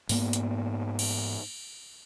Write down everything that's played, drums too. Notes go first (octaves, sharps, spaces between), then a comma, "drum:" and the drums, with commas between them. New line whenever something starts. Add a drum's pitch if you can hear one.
G#2 A#3 B3, drum: open hi-hat
drum: hi-hat
drum: cymbal